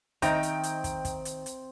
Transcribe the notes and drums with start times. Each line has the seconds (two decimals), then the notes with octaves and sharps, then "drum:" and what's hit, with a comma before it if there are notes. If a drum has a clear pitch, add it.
0.22 D#3 C4 D#4 D#5 E5 G5 A#5, drum: kick, hi-hat
0.43 drum: hi-hat
0.63 drum: hi-hat
0.84 drum: kick, hi-hat
1.05 drum: kick, hi-hat
1.25 drum: hi-hat
1.46 drum: hi-hat